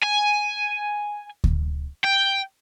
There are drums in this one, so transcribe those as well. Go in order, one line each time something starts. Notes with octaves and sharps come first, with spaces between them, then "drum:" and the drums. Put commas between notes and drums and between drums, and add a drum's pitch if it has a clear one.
G#5
drum: kick D2
G5